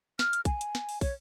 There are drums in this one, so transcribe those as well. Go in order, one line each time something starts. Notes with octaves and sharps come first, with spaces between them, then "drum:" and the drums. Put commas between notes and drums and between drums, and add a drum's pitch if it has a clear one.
F6, drum: snare
drum: hi-hat
G#5, drum: kick, hi-hat
drum: hi-hat
drum: snare
drum: open hi-hat
C#5, drum: kick, open hi-hat